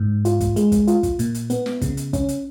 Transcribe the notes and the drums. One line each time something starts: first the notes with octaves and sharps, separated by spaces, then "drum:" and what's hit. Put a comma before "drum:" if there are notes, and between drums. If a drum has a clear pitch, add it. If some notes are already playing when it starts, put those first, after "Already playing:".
Already playing: G#2
F4, drum: hi-hat
drum: kick, hi-hat
G#3, drum: hi-hat
drum: kick, hi-hat
F4, drum: hi-hat
drum: kick, hi-hat
A#2, drum: hi-hat
drum: hi-hat
B3, drum: hi-hat
drum: snare
C#3, drum: kick, hi-hat
drum: hi-hat
C#4, drum: kick, hi-hat
drum: hi-hat